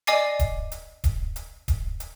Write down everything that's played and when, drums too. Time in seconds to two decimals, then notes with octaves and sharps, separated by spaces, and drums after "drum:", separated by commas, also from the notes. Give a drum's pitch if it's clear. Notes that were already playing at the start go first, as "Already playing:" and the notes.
0.07 D5 D#5 G#5 D6 A6 C7, drum: hi-hat
0.39 drum: kick D1, hi-hat
0.72 drum: hi-hat
1.04 drum: kick D1, hi-hat
1.36 drum: hi-hat
1.68 drum: kick D1, hi-hat
2.00 drum: hi-hat